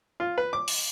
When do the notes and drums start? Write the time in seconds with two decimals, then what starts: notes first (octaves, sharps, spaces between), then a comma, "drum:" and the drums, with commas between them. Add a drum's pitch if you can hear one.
0.20 F4
0.38 B4
0.53 D6
0.68 drum: open hi-hat